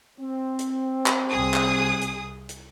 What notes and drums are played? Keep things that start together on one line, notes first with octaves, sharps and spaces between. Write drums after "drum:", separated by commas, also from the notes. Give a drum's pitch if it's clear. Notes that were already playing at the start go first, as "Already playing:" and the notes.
C4
drum: hi-hat
drum: clap
C2 G#4 D#6
drum: clap
drum: hi-hat
drum: hi-hat